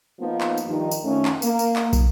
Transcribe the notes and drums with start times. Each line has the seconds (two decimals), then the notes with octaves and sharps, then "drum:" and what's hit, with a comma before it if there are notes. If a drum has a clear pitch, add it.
0.20 F3 A#3 B3 D#4
0.41 drum: clap
0.58 drum: tambourine
0.67 G2 D#3 F3 G3 D#4
0.91 drum: tambourine
1.04 F2 D#3 A3 C#4
1.25 drum: clap
1.42 A#3, drum: tambourine
1.59 drum: tambourine
1.76 drum: clap
1.93 drum: kick, tambourine